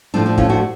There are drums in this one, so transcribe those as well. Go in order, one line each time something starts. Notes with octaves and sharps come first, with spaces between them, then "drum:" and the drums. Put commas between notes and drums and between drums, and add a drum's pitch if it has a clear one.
A2 F3 A3 D4
D4
C#4 F4, drum: kick
D4 F#4